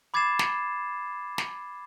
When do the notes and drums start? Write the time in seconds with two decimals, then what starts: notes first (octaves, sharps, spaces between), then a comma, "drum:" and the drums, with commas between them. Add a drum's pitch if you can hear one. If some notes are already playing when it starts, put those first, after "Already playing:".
0.14 B5 D6 G#6 A6 C7 E7
0.39 drum: snare
1.38 drum: snare